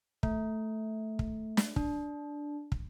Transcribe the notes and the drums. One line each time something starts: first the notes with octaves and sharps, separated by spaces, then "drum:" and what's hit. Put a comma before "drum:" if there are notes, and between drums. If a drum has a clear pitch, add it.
A3, drum: kick
drum: kick
drum: snare
D4, drum: kick
drum: kick